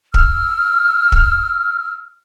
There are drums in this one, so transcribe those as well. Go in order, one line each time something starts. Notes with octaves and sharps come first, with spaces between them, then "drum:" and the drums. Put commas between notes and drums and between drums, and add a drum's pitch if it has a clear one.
E6 F6, drum: kick
drum: kick